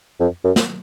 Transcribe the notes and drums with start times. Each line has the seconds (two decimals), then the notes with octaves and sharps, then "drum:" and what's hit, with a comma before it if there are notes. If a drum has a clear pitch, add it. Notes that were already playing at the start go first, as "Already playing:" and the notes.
0.20 F2
0.44 F#2
0.56 drum: snare